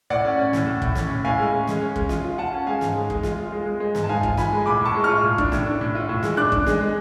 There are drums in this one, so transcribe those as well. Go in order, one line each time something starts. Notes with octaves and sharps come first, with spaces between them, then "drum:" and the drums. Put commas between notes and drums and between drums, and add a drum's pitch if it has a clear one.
A2 D5 F#5
C#4
C#4
A2, drum: snare
A2
A2, drum: kick
C#4, drum: snare
A2
A2 F5 G#5
G#3
C#4
G#3, drum: snare
C#4
G#3, drum: kick
F4, drum: snare
F4
F4 F#5 A5
C#4
G#3 F5 G#5
G#2, drum: snare
G#3
G#3, drum: kick
F4, drum: snare
F4
G#3
G#3
G#3
G#2, drum: snare
A5
G#2 F5 G#5
F4, drum: kick
F4 G#5 B5, drum: snare
G#3
A2 B5 D6
A2 A5 C#6
G#3
F4 C#6 F6
A2
D4, drum: kick
A2, drum: snare
D4
A2
F4
A2
G#3, drum: snare
D4 D6 F#6
D4, drum: kick
G#3, drum: snare
G#3